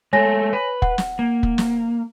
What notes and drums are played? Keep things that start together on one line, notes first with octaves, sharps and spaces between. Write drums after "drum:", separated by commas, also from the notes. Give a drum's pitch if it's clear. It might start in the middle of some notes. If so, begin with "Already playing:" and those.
G#3 A3 A4 C#5 G#5 A#6
B4
F#5, drum: kick
drum: snare
A#3
drum: kick
drum: snare